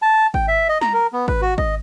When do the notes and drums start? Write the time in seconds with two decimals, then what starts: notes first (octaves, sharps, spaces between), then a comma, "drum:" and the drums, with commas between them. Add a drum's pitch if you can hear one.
0.02 A5
0.34 G5, drum: kick G#1
0.48 E5
0.69 D#5
0.81 A#5, drum: snare
0.93 A#4
1.13 B3
1.28 B4, drum: kick G#1
1.42 F#4
1.58 D#5, drum: kick G#1